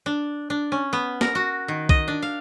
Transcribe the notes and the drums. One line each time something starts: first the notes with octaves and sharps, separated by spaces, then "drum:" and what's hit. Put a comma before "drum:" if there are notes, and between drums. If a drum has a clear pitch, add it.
D4
D4
C#4
B3
A#4, drum: snare
F#4
D#3
D#5, drum: kick B1
D4
F5